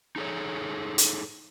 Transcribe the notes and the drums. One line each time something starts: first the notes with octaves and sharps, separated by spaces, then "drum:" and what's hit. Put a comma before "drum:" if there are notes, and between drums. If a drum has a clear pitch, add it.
D#4 G#4 A4 C#5
drum: hi-hat